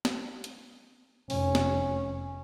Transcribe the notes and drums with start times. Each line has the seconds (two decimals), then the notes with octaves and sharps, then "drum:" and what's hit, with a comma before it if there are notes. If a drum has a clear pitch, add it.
0.05 drum: snare
0.44 drum: hi-hat
1.30 F1 C#4, drum: open hi-hat
1.55 drum: snare